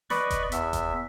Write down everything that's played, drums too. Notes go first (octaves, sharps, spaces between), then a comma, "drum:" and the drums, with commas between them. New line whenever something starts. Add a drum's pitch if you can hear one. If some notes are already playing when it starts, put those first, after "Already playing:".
B4 D5 D#5 B5 C#6, drum: snare
drum: kick F1, hi-hat
E2 E5, drum: hi-hat
drum: kick F1, hi-hat